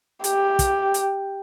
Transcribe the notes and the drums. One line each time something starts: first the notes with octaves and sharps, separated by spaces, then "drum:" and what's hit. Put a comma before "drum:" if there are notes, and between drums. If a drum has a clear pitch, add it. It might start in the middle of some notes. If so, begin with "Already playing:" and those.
G4, drum: hi-hat
drum: kick, hi-hat
drum: hi-hat